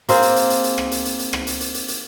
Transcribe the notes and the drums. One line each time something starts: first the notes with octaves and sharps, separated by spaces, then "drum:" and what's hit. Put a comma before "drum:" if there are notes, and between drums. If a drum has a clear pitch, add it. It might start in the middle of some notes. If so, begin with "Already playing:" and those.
A#3 C4 G#4, drum: hi-hat
drum: hi-hat
drum: hi-hat
drum: hi-hat
drum: hi-hat
drum: rim click
drum: hi-hat
drum: hi-hat
drum: hi-hat
drum: rim click
drum: hi-hat
drum: hi-hat
drum: hi-hat
drum: hi-hat